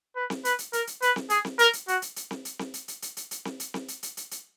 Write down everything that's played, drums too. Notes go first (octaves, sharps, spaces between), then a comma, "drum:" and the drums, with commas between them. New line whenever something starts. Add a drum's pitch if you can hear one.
B4
drum: snare C4
B4, drum: hi-hat
drum: hi-hat
A#4, drum: hi-hat
drum: hi-hat
B4, drum: hi-hat
drum: snare C4
G#4, drum: hi-hat
drum: snare C4
A#4, drum: hi-hat
drum: hi-hat
F#4, drum: hi-hat
drum: hi-hat
drum: hi-hat
drum: snare C4
drum: hi-hat
drum: snare C4
drum: hi-hat
drum: hi-hat
drum: hi-hat
drum: hi-hat
drum: hi-hat
drum: snare C4
drum: hi-hat
drum: snare C4
drum: hi-hat
drum: hi-hat
drum: hi-hat
drum: hi-hat